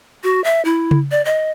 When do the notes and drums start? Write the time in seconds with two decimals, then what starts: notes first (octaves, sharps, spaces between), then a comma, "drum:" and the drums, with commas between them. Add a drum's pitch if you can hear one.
0.23 F#4
0.44 E5
0.65 E4
0.91 drum: tom C#3
1.11 D5
1.25 D#5